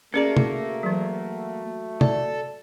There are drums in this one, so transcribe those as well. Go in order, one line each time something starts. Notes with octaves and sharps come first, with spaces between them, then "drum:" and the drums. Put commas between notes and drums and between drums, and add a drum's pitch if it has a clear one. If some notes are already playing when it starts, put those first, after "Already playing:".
A3 A#3 C#4 F#4 G#4 D5 A#5 C#7
drum: tom
E3 F#3
A4 D5, drum: tom